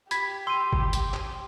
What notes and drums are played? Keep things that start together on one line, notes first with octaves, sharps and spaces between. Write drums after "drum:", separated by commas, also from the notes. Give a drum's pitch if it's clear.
G4 B5 G#6 B6, drum: hi-hat
C6 E6 D#7
drum: kick
drum: hi-hat
drum: clap